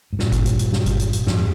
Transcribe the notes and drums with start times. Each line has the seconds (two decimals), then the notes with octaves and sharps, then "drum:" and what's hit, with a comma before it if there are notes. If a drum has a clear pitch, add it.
0.13 G#2
0.19 G2 A#2, drum: snare
0.32 drum: kick G1, hi-hat
0.46 drum: hi-hat
0.59 drum: hi-hat
0.73 drum: snare
0.86 drum: kick G1, hi-hat
0.99 drum: hi-hat
1.13 drum: hi-hat
1.26 F2 G#2, drum: snare